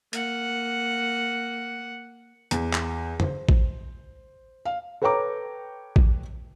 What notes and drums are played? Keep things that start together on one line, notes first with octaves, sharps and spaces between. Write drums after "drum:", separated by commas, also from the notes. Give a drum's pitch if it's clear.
A#3 F#5, drum: hi-hat
E2, drum: hi-hat
drum: clap
C5, drum: tom F2
drum: kick A1
F5
A4 B4 C#5 G5 A#5 D6
drum: kick A1